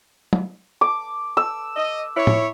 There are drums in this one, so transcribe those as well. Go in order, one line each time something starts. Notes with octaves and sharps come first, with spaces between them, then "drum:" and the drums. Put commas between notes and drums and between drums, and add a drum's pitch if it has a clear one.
drum: tom
D6
E6
D#5
E4 C#5
drum: tom